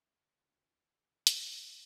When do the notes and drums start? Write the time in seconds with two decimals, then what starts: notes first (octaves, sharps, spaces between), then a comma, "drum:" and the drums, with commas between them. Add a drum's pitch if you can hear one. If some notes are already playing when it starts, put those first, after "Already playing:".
Already playing: E5
0.09 C#3
0.26 C#3
0.42 D2
0.59 E3
0.77 E3
0.93 E3
1.10 C#3
1.27 D2, drum: hi-hat
1.44 G#3 E5
1.61 C#3